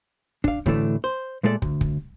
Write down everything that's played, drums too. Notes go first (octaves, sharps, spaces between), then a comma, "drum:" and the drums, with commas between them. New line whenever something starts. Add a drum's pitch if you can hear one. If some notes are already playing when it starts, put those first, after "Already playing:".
D4 F5, drum: kick
D2 A2 D3 E3 A3 D4, drum: kick
C5
A#2 G#3 A3 A4 B4 D5
D2, drum: kick
drum: kick